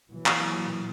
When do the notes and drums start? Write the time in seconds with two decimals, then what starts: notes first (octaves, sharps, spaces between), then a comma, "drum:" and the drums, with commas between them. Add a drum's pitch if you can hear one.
0.11 A#2 E3 F#3
0.26 drum: clap